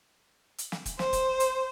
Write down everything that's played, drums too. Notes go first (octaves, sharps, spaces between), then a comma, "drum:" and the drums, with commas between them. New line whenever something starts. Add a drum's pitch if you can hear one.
drum: hi-hat
drum: snare
drum: kick, hi-hat
C5, drum: snare
drum: kick, hi-hat
drum: hi-hat